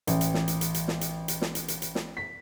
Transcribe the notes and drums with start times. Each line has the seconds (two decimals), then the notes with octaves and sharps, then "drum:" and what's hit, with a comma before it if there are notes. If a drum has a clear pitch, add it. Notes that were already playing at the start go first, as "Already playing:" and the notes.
0.07 A1, drum: hi-hat
0.21 drum: hi-hat
0.34 drum: snare
0.48 drum: hi-hat
0.61 drum: hi-hat
0.74 drum: hi-hat
0.88 drum: snare
1.01 drum: hi-hat
1.28 drum: hi-hat
1.42 drum: snare
1.55 drum: hi-hat
1.68 drum: hi-hat
1.82 drum: hi-hat
1.95 drum: snare
2.17 B6